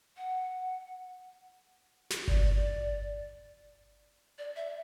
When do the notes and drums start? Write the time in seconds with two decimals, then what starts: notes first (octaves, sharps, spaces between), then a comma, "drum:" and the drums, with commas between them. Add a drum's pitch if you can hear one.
0.17 F#5
2.10 drum: snare
2.28 D5, drum: kick G1
4.38 D5
4.56 E5